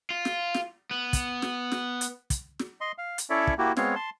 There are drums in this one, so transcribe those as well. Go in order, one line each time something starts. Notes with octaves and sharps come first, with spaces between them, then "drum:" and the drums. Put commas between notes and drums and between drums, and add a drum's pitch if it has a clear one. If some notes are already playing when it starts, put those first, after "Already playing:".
F4
drum: snare
drum: snare
B3
drum: kick, hi-hat
drum: snare
drum: snare
drum: hi-hat
drum: kick, hi-hat
drum: snare
D#5 C6
F5
drum: hi-hat
C#4 E4 A4 C#5 D5 E5
drum: kick
A#3 E4 F#4 G4
G#3 B3 C4 C#5 F5, drum: snare
A5 C6